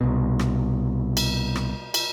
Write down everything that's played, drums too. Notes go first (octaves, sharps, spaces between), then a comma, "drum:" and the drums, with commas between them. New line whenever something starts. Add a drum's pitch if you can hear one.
C2 B2
drum: rim click
drum: cymbal
drum: rim click
drum: cymbal